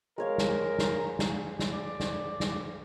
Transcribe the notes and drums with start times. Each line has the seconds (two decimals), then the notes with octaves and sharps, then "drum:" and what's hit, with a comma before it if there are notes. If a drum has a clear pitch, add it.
0.18 G#3 A#4 C#5 F5
0.38 drum: snare
0.79 drum: snare
1.19 drum: snare
1.59 drum: snare
1.73 D5
2.00 drum: snare
2.40 drum: snare